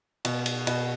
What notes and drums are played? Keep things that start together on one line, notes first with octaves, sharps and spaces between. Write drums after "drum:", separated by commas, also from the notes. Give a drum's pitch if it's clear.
B2, drum: cymbal
drum: cymbal
B2, drum: cymbal